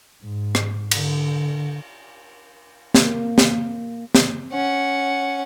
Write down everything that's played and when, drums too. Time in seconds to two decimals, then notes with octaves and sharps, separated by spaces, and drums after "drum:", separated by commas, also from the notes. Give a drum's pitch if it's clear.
0.23 G#2
0.55 drum: rim click
0.91 D3, drum: cymbal
2.95 A#3, drum: snare
3.38 drum: snare
4.15 drum: snare
4.53 C#4 F#5